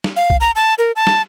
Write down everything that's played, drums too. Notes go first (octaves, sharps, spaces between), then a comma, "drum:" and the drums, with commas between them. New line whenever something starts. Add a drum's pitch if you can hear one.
drum: snare
F5
drum: kick B1
A#5
A5
A#4
A5
drum: snare